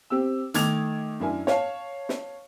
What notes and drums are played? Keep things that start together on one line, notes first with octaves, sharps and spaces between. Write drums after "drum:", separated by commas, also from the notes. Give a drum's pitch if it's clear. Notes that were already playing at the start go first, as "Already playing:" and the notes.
C4 G4 E6
D#3 A3 D6 G#6 A6 F7, drum: hi-hat
F#2 D4 E4 A#4 G#5
C#5 F5 A5, drum: snare
drum: snare